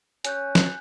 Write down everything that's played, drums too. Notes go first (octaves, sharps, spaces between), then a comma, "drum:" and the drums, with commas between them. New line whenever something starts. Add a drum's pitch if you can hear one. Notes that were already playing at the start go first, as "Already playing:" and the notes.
C#4 G#5 F#6 G6, drum: hi-hat
drum: snare